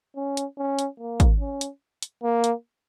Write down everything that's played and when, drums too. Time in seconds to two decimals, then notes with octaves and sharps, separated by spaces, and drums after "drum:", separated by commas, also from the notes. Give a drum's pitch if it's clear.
0.16 C#4
0.37 drum: hi-hat
0.58 C#4
0.79 drum: hi-hat
1.00 A#3
1.20 drum: kick, hi-hat
1.40 C#4
1.61 drum: hi-hat
2.02 drum: hi-hat
2.23 A#3
2.44 drum: hi-hat